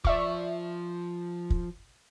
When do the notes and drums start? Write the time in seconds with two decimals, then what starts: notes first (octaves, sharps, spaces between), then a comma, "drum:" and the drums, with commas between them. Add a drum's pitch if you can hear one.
0.05 F3 D5 E5 C#6, drum: kick
1.50 drum: kick